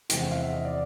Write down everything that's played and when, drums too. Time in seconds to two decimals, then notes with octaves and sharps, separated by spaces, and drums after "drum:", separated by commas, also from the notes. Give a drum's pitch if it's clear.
0.10 E2 C3 F3 G#3 C4 G5, drum: hi-hat
0.20 F#5
0.31 F5
0.42 E5
0.53 D#5
0.65 D5